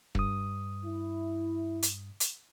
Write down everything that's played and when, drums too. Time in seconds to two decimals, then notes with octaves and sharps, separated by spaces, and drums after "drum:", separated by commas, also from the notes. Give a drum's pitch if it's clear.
0.15 G2 D#6, drum: kick
0.84 E4
1.82 drum: hi-hat
2.20 drum: hi-hat